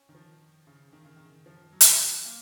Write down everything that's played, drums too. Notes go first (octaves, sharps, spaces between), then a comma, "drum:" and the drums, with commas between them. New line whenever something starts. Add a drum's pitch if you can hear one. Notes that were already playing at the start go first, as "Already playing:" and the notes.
Already playing: C#4
D#3
F3
C#3
D#3
C#3
D#3
F3
F#3
F3, drum: hi-hat
F#3
A#3